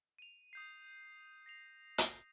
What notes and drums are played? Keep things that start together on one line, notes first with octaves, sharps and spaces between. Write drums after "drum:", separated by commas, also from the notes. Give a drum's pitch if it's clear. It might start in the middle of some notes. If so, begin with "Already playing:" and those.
D#7 F7
D#6 G6 C7
A#6 C7 F7
drum: hi-hat